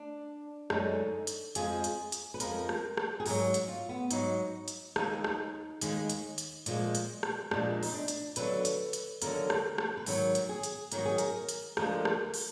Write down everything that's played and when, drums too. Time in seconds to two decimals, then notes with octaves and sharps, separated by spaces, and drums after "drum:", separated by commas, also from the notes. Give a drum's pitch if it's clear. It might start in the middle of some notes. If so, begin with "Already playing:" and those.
Already playing: D4
0.70 F#2 D3 G#3 D#4, drum: rim click
1.27 drum: hi-hat
1.55 F2 F3 G#3 G#4, drum: hi-hat
1.84 drum: hi-hat
2.12 drum: hi-hat
2.34 B4
2.40 F2 F3 G#3 A#4, drum: hi-hat
2.69 drum: rim click
2.97 drum: rim click
3.20 G#4
3.26 G#2 F#3 A#4, drum: open hi-hat
3.54 drum: hi-hat
3.68 F4
3.89 B3
4.11 G#2 F#3 D#4, drum: hi-hat
4.68 drum: hi-hat
4.96 D#2 D#3 G#3 D#4, drum: rim click
5.24 drum: rim click
5.81 D#2 D#3 G#3, drum: hi-hat
6.10 drum: hi-hat
6.38 drum: hi-hat
6.66 A#2 F3 G#3, drum: hi-hat
6.95 drum: hi-hat
7.23 drum: rim click
7.51 A#2 F3 G#3 D4, drum: rim click
7.83 D#4, drum: open hi-hat
7.94 D4
8.08 drum: hi-hat
8.36 D#2 D3 F#3 B4, drum: hi-hat
8.65 drum: hi-hat
8.93 drum: hi-hat
9.22 D#2 D3 F#3 A#4, drum: hi-hat
9.50 drum: rim click
9.78 drum: rim click
9.97 B4
10.06 G#2 D#3 F#3 A#4, drum: open hi-hat
10.35 drum: hi-hat
10.49 G#4
10.63 drum: hi-hat
10.92 G#2 D#3 F#3 A#4, drum: hi-hat
11.05 G#4
11.18 A#4, drum: hi-hat
11.49 drum: hi-hat
11.77 D2 D3 F3 G#3 A#4, drum: rim click
12.05 drum: rim click
12.34 drum: open hi-hat